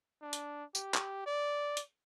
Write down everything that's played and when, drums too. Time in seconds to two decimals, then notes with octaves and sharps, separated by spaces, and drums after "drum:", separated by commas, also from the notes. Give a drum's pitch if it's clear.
0.22 D4
0.33 drum: hi-hat
0.75 G4, drum: tambourine
0.94 drum: clap
1.26 D5
1.77 drum: hi-hat